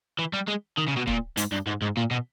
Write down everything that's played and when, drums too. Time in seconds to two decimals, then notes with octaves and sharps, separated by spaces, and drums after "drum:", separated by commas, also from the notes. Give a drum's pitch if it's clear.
0.19 E3
0.33 G3
0.48 G#3
0.78 D#3
0.88 C#3
0.97 B2
1.07 A#2, drum: kick
1.37 G#2, drum: hi-hat
1.52 G2
1.67 G#2
1.82 G#2
1.97 A#2
2.11 B2